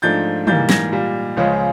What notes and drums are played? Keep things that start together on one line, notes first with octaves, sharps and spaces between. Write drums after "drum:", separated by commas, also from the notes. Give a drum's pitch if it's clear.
G#2 F3 A3 D4 G6 A6
G#2 E3 G3 A#3 G6 A6, drum: tom
G#6 A#6, drum: snare
A#2 G3 A#3
C#2 C#3 F3 G#3 C#4